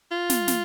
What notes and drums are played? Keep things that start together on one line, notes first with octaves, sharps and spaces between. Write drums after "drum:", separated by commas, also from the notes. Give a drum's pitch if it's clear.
F4
drum: snare
drum: snare